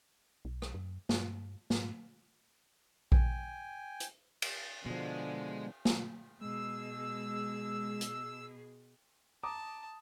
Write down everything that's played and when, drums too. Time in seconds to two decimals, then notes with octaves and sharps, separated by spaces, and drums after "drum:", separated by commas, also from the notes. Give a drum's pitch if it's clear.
0.45 B1
0.62 drum: rim click
0.74 F#2
1.09 G2, drum: snare
1.70 G#2, drum: snare
3.12 G5 G#5, drum: kick A#1
4.00 drum: hi-hat
4.42 drum: cymbal
4.86 B2 D3 F3 G#3
5.85 drum: snare
6.41 B2 G#3 G#4 E6
8.01 drum: hi-hat
9.43 A5 A#5 D6 D#6